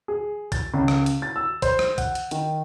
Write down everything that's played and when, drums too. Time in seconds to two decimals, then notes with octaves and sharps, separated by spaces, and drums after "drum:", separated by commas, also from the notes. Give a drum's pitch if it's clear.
0.08 G#4
0.52 A6, drum: kick, hi-hat
0.74 C#2
0.88 drum: rim click
1.06 drum: hi-hat
1.22 A6
1.36 E6
1.62 C5, drum: kick, hi-hat
1.79 drum: rim click
1.98 F#5, drum: kick, hi-hat
2.15 drum: hi-hat
2.31 D#3, drum: hi-hat